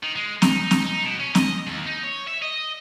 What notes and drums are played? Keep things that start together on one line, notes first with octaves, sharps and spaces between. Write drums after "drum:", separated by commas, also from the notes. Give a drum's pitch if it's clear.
D#3
G#3
D#4, drum: snare
drum: snare
D#4
B2
C#4
D#5, drum: snare
D#2
D#4
C#5
E5
D#5